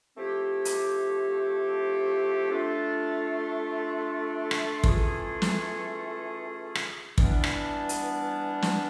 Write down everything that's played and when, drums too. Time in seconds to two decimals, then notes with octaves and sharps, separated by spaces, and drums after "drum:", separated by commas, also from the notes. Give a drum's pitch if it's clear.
0.17 F3 A3 C4 E4 G4
0.65 drum: hi-hat
2.50 A3 D4 F4
4.51 drum: rim click
4.84 E3 A3 C#4 F4 G#4, drum: kick
5.42 drum: snare
6.75 drum: rim click
7.18 E3 G3 B3 D4, drum: kick
7.44 drum: rim click
7.89 drum: hi-hat
8.62 drum: snare